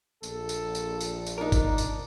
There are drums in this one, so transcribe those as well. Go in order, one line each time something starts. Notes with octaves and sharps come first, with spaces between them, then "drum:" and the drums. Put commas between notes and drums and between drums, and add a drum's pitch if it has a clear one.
A#1 A4, drum: tambourine
drum: tambourine
drum: tambourine
drum: tambourine
drum: tambourine
D4 D#4 A#4
drum: kick G#1, tambourine
drum: tambourine